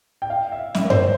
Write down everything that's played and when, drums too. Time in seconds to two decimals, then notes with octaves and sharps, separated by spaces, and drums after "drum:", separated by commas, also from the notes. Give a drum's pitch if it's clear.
0.22 G5
0.30 F5
0.52 E5
0.75 E5, drum: snare
0.84 A#4
0.90 C5, drum: tom F#2